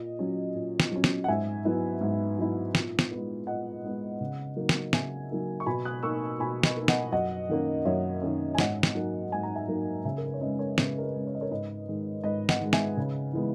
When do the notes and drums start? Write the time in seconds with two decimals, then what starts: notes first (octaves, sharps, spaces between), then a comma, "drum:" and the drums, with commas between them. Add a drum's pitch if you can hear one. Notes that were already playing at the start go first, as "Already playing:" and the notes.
Already playing: A#2 D#5
0.19 F#3 C#4
0.55 A#2
0.80 drum: snare
0.92 F#3 C#4
1.04 drum: snare
1.24 F#5
1.28 G#2 E5 G#5
1.65 F#3 B3 E4
2.01 G#2
2.38 F#3 B3 E4
2.75 A#2, drum: snare
2.99 drum: snare
3.11 G#3 B3
3.47 A#2 D#5 F#5
3.83 G#3 B3
4.21 C#3
4.56 F#3 A#3 D#4
4.69 drum: snare
4.93 C#3 E5 G#5, drum: snare
5.30 F#3 A#3 D#4
5.60 C#6
5.66 B2 G#5 B5
5.85 D#6 F#6
6.03 A#3 D#4 C#6 E6
6.40 B2 G#5 B5
6.63 B4 D#5, drum: snare
6.77 A#3 D#4
6.88 D#5 F#5, drum: snare
7.12 F#2 D#5 F#5
7.49 D#3 A#3 C#4
7.85 F#2 C#5 E5
8.22 D#3 A#3 C#4
8.55 G#5
8.58 G#2 D#5 F#5, drum: snare
8.83 drum: snare
8.95 F#3 A#3 D#4
9.32 G#2 G#5
9.43 A#5
9.55 E5 G#5
9.68 F#3 A#3 D#4
10.05 C#3 E5 G#5
10.18 A#4
10.26 B4
10.34 C#5
10.41 G#3 C#4 B4 D#5
10.59 A#4 C#5
10.78 C#3 B4, drum: snare
10.98 A#4
11.02 B4
11.14 G#3 C#4
11.27 C#5
11.35 D#5
11.41 A#4 C#5
11.51 G#2 B4 D#5
11.88 D#3 G#3
12.24 G#2 B4 D#5
12.49 D#5 F#5, drum: snare
12.61 D#3 G#3
12.73 E5 G#5, drum: snare
12.97 C#3 B4
13.33 E3 G#3 B3